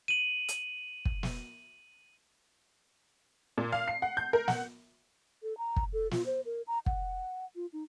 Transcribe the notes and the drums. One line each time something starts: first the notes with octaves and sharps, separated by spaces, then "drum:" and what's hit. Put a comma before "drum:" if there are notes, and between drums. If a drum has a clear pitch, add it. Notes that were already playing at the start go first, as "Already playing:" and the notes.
D#7 F#7
drum: hi-hat
drum: kick
drum: snare
A#2
F5
C7
F#5
G6
A#4
F#5, drum: snare
A4
A#5
drum: kick
A4
F4, drum: snare
C5
A#4
A#5
F#5, drum: kick
F4
D#4